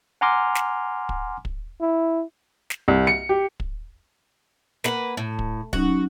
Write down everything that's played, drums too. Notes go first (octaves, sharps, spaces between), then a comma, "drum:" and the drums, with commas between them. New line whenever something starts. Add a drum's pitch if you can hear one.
F#5 G#5 A#5 C6 D6 F6
drum: snare
drum: kick
drum: kick
E4
drum: snare
C2
C#7
G4
drum: kick
A#3 B4 F#5, drum: snare
A2
drum: kick
F#3 C#4 D#4 F#4, drum: kick